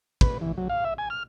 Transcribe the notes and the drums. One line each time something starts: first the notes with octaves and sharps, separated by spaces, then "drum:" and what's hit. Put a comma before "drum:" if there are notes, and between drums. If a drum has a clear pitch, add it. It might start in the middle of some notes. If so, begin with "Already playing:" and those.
B4, drum: kick
E3
F#3
F5
E5
G#5
F6